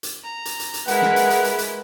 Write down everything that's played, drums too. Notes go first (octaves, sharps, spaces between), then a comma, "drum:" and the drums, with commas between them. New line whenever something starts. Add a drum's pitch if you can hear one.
drum: hi-hat
A#5
drum: hi-hat
drum: hi-hat
drum: hi-hat
G#3 E4 A#4 B4 F#5, drum: hi-hat
drum: snare
drum: hi-hat
drum: hi-hat
drum: hi-hat
drum: hi-hat